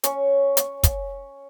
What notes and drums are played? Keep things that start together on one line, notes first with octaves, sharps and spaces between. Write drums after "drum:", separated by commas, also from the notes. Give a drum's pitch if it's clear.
C#4 C#5, drum: hi-hat
drum: hi-hat
drum: kick, hi-hat